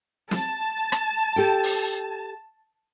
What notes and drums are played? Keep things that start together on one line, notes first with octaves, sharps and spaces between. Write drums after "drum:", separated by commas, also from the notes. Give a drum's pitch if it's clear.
A5, drum: snare
drum: rim click
G4 A4 G5
drum: open hi-hat